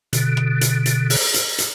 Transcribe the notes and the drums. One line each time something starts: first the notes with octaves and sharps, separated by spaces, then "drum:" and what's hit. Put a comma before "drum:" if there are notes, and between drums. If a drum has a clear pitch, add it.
B2 D3, drum: hi-hat
drum: rim click
drum: hi-hat
drum: hi-hat
drum: open hi-hat
drum: hi-hat
drum: hi-hat